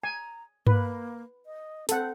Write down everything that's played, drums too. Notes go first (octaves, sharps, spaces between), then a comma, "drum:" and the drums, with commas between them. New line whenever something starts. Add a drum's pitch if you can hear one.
G#5 A#5
A#3 B4, drum: tom G2
D#5
C4 A4 F#5, drum: hi-hat